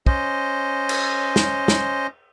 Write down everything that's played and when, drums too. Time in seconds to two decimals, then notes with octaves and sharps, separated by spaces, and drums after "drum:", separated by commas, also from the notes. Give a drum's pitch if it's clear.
0.06 C#4 C5 D#5, drum: kick
0.89 drum: cymbal
1.36 drum: snare
1.68 drum: snare